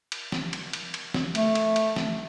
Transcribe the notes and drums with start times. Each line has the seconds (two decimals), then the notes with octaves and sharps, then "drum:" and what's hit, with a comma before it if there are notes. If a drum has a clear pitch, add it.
0.12 drum: cymbal
0.32 drum: snare
0.53 drum: cymbal
0.73 drum: cymbal
0.94 drum: cymbal
1.14 drum: snare
1.35 A3, drum: cymbal
1.55 drum: cymbal
1.76 drum: cymbal
1.96 drum: snare